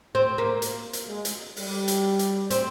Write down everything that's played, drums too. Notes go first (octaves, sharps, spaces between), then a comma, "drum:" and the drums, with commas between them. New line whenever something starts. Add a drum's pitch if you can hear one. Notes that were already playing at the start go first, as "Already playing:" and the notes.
C4
A#3
drum: hi-hat
drum: hi-hat
G#3
drum: hi-hat
G3, drum: open hi-hat
drum: hi-hat
drum: hi-hat
C4, drum: hi-hat